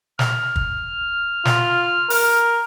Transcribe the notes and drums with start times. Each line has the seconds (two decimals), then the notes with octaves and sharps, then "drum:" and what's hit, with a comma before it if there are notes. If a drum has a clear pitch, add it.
0.19 F6, drum: snare
0.56 drum: kick
1.45 F4, drum: snare
2.10 A#4, drum: open hi-hat